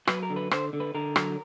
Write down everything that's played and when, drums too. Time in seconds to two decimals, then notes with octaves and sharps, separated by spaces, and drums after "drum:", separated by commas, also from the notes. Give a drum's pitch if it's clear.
0.07 F#3 B4, drum: rim click
0.23 A#4
0.30 D3
0.36 B4
0.51 D3 C5, drum: rim click
0.73 D3
0.80 B4
0.95 D3 A#4
1.16 F#3, drum: rim click